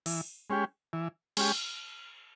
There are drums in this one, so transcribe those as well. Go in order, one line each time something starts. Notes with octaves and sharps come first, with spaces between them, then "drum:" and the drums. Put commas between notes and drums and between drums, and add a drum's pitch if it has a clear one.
E3, drum: open hi-hat
G#3 C#4 G4
E3
G#3 C#4 G4, drum: cymbal